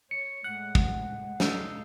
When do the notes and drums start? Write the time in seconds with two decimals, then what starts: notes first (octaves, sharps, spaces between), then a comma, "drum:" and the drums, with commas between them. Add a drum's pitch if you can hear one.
0.11 C#5 C#7
0.44 A2 G#3 F#5
0.75 drum: kick
1.40 D#4 A4 F5, drum: snare